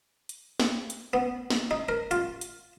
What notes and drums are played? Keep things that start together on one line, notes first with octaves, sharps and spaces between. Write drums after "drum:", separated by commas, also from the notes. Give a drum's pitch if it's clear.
drum: hi-hat
drum: snare
drum: hi-hat
B3
drum: snare
D#4
A#4
F4, drum: hi-hat
drum: hi-hat